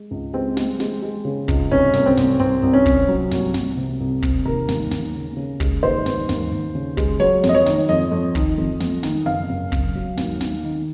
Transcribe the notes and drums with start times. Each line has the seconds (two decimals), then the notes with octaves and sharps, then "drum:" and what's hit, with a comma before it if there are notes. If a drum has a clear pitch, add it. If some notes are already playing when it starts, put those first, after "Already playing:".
Already playing: G#3
0.11 C#2
0.34 G#3 C4
0.57 G#3, drum: snare
0.80 G#3, drum: snare
1.02 G#3
1.25 C#3
1.48 C#2, drum: kick
1.71 C2 C#4
1.93 C2, drum: snare
2.06 C4
2.17 C2, drum: snare
2.40 C2 C4
2.63 C2
2.73 C#4
2.86 C2, drum: kick
3.08 F#3
3.31 C2, drum: snare
3.54 C2, drum: snare
3.77 C3
4.00 C2
4.22 C3, drum: kick
4.45 D#2 A#4
4.68 D#2, drum: snare
4.91 D#2, drum: snare
5.15 C#3
5.37 C#3
5.60 G#3, drum: kick
5.83 D#2 C5
6.06 D#2, drum: snare
6.29 D#2, drum: snare
6.51 D#2
6.75 C#3
6.97 G#3, drum: kick
7.20 F#3 C#5
7.43 F2, drum: snare
7.49 D#5
7.54 C#5
7.66 D#3, drum: snare
7.89 F2 D#5
8.12 F2
8.35 D#3, drum: kick
8.58 F2
8.80 F2, drum: snare
9.03 D#3, drum: snare
9.26 F#1 F5
9.49 F#1
9.72 F#1, drum: kick
9.95 F#3
10.17 D#2, drum: snare
10.41 D#3, drum: snare
10.64 D#3